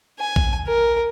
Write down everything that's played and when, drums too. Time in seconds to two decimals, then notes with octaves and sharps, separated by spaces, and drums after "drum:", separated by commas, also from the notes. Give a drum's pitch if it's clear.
0.19 G#5
0.36 drum: kick A#1
0.67 A#4